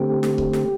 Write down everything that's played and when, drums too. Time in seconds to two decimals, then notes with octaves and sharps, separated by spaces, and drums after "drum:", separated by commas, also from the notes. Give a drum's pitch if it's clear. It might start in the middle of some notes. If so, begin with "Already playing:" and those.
Already playing: D3 A3 C4 G4
0.23 drum: snare
0.38 drum: kick C#1
0.53 drum: snare